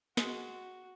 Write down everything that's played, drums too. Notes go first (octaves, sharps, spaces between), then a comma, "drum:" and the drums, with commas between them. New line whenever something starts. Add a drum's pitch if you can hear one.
G#3 F#4, drum: snare